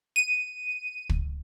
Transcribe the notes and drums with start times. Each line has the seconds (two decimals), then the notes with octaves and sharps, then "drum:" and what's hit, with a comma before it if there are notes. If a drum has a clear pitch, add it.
0.16 D#7
1.09 drum: kick